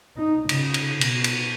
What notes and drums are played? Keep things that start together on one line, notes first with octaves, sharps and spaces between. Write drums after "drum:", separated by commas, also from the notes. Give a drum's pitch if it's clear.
D#4
C#3, drum: cymbal
drum: cymbal
B2, drum: cymbal
drum: cymbal